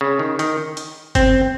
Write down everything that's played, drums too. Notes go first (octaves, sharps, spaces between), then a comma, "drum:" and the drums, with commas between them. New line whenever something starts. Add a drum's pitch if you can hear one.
C#3
D#3
D#3, drum: hi-hat
drum: hi-hat
C4, drum: kick G1, hi-hat